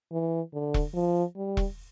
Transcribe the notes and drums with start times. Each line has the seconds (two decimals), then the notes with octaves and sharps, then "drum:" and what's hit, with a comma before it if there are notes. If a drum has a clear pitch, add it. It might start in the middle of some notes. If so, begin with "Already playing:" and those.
0.12 E3
0.54 D3
0.74 drum: kick E1
0.95 F3
1.36 G3
1.57 drum: kick E1